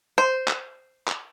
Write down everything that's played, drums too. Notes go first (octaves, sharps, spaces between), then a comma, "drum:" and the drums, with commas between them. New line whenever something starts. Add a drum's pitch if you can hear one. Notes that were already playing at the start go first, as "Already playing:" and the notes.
C5
drum: clap
drum: clap